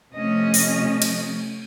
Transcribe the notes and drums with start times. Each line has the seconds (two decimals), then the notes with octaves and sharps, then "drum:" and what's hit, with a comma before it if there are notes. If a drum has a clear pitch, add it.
0.13 C3 F3 A3 C#4 D#5
0.54 drum: open hi-hat
1.02 drum: cymbal